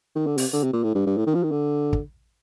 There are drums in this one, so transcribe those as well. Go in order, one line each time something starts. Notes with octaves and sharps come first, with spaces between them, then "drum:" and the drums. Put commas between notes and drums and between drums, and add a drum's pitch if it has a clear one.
D#3
D3
C3, drum: open hi-hat
D3
C3
A#2
A2
G2
G2
A2
D#3
F3
D#3
D3
drum: kick